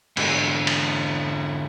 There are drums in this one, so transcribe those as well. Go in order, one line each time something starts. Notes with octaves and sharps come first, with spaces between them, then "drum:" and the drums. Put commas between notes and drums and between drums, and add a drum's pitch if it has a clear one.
G#2 D3, drum: cymbal
drum: cymbal